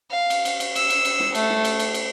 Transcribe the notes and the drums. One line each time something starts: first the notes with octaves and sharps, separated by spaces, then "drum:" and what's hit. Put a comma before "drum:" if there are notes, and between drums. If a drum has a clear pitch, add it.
F5
drum: cymbal
drum: cymbal
drum: cymbal
E6, drum: cymbal
drum: cymbal
drum: cymbal
drum: snare
A3, drum: cymbal
drum: snare
drum: cymbal
drum: cymbal
drum: cymbal